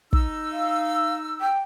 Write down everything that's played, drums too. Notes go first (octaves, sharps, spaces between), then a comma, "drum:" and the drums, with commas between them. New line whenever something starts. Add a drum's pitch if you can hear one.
D#4 E6, drum: kick
F5
G5